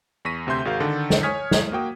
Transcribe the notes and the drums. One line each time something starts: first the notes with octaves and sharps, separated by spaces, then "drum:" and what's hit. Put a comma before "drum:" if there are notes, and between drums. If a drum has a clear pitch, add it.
E2 C#6 A#6 B6 D#7
D2 C3 E5 C6 G6
G#1 F#4 G#4 A#4 F5
D3 D#3 A4
drum: snare
C#5 G#5 D#6 F6 G#6 B6
drum: snare
A#3 F#4 G5 D#6